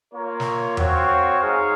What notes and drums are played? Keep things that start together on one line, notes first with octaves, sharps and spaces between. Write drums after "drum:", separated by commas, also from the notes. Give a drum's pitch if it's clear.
A#3 F4 A#4 C#5
drum: snare
C4 F#4 C#5 F5, drum: tom E2
G#3 D#4 G#4 C#5 F5